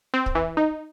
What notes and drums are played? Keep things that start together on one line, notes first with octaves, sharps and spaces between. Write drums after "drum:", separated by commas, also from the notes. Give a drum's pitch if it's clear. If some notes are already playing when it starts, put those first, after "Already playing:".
C4
drum: kick
E3
D#4